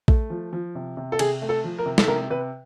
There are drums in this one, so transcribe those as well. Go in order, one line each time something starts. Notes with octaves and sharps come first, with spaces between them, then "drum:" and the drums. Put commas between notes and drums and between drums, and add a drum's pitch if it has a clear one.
A3, drum: kick A#1
F3
F3
C3
C3
A4
C3 G#4, drum: cymbal
A3
A4
F3
A#4
C3
A4, drum: snare
C3 A#4
C3 B4